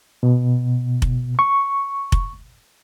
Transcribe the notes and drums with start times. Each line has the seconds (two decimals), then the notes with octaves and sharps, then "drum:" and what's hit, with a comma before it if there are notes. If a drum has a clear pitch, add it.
0.23 B2
1.02 drum: kick F1
1.39 C#6
2.12 drum: kick F1